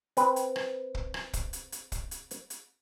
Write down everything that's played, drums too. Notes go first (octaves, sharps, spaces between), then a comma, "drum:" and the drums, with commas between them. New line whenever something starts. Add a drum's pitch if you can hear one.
C4 B4, drum: hi-hat
drum: hi-hat
drum: rim click
drum: kick
drum: rim click
drum: kick, hi-hat
drum: hi-hat
drum: hi-hat
drum: kick, hi-hat
drum: hi-hat
drum: hi-hat
drum: hi-hat